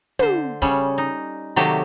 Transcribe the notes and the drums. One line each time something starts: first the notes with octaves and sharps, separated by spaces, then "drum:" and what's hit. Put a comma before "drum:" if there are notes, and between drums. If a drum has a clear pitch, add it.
D3 C5, drum: tom
C#3 G3 C#4, drum: kick
D#4
C3 D#3 F#3 A3 A#3 G4